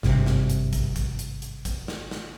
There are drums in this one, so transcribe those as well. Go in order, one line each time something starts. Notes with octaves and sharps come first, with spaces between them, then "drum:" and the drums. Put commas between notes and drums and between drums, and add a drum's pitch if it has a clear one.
G#1 G2 C3, drum: snare
drum: snare
drum: hi-hat
drum: kick, hi-hat
drum: kick, hi-hat
drum: hi-hat
drum: hi-hat
drum: kick, hi-hat
drum: snare
drum: snare